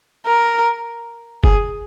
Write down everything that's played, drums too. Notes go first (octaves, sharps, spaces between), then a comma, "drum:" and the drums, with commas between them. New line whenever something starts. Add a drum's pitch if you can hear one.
A#4
G#4, drum: kick F#1